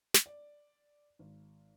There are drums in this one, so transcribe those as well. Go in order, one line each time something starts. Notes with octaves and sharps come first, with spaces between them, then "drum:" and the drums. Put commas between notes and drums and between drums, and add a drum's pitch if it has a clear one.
drum: snare
D5
G#1